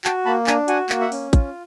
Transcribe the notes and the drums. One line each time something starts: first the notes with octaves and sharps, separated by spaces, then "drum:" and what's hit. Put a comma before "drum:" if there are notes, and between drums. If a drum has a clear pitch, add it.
F#4 G5 A5, drum: clap
A#3 A5 B5
D4 G#5 A#5, drum: clap
F#4 F#5 G#5, drum: hi-hat
A#3, drum: clap
E5 F#5
C#4, drum: open hi-hat
F4, drum: kick, hi-hat